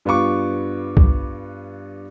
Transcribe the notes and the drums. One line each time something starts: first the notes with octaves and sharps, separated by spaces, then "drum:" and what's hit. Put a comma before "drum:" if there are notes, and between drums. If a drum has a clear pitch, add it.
G2 B3 F4 F5 C#6 D6
drum: kick